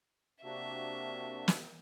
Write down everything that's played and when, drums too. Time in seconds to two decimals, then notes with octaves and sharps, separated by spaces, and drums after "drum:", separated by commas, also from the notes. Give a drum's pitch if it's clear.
0.44 C3 A#3 D4 F#4 E5
1.48 drum: snare